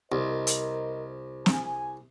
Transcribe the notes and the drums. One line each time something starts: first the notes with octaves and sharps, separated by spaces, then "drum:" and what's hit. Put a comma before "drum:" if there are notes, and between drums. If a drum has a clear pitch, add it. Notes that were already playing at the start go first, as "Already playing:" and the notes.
C2 A#4 C5 D#5
drum: hi-hat
G#5, drum: snare